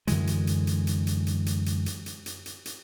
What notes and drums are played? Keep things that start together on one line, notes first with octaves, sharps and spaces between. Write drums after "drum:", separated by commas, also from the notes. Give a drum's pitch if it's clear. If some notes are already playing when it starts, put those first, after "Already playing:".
F#2 D3 E3 G#3, drum: hi-hat
drum: hi-hat
drum: hi-hat
drum: hi-hat
drum: hi-hat
drum: hi-hat
drum: hi-hat
drum: hi-hat
drum: hi-hat
drum: hi-hat
drum: hi-hat
drum: hi-hat
drum: hi-hat
drum: hi-hat